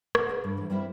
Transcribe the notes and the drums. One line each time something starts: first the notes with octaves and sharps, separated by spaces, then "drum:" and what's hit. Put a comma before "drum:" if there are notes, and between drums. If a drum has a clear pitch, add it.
A#2 F#5, drum: rim click
G#4 B4 D5
G2
E3 F3
G3 C4 E4 A#4 C5 E5